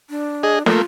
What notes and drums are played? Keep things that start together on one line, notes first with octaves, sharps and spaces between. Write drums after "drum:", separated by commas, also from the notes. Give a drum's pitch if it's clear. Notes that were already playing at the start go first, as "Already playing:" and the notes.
D4
G#4 D#5
A3 A#3 F4, drum: snare